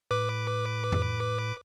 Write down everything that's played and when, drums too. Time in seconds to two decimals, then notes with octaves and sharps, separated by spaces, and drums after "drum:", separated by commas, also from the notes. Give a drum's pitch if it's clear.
0.11 A2 B4 D6
0.92 drum: tom F2